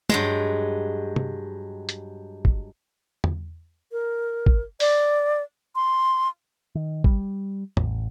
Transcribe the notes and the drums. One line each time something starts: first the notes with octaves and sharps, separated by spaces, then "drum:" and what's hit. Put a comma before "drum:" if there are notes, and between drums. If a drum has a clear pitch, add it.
G2 F#3 G#3, drum: tom
drum: tom
drum: hi-hat
drum: kick
drum: tom E2
A#4
drum: kick
D5, drum: open hi-hat
C6
D#3
G3, drum: kick
A1, drum: tom E2